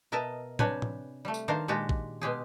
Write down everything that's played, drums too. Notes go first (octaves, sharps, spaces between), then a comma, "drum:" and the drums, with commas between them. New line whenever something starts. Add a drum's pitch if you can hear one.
B2 A#4 D#5 E5 A5
C3 D4 B4 C#5 G5 G#5, drum: tom A2
drum: tom A2
G3 A3
drum: tambourine
D#3 D4 A#4 C5 F5
A#2 G#3 F#4 G4 A5
drum: kick A1
B2 G#3 G4 G#4